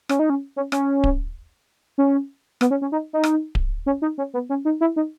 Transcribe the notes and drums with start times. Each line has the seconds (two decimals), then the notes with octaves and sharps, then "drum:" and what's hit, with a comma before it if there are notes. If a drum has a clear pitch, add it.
0.09 C#4, drum: rim click
0.19 D#4
0.30 C#4
0.56 C#4
0.72 C#4, drum: rim click
1.04 drum: kick D1
1.98 C#4
2.61 B3, drum: rim click
2.71 C#4
2.82 C#4
2.92 D#4
3.13 D#4
3.24 drum: rim click
3.55 drum: kick D1
3.86 C#4
4.02 D#4
4.18 C#4
4.34 B3
4.49 C#4
4.65 D#4
4.81 E4
4.96 D#4